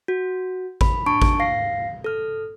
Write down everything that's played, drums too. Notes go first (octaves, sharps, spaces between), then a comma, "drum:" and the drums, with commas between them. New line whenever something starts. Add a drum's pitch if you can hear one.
F#4
B5, drum: kick G#1
D4 A5 C#6 D7
drum: kick G#1
F5 A#6 C7
A4 F6